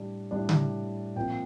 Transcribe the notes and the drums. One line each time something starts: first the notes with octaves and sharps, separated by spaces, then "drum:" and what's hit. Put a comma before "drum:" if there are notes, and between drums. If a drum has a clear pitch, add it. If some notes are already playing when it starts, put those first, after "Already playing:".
Already playing: A2 G3 D4
A2 G3 D4
drum: tom C#3
A#2 F3 C4 G5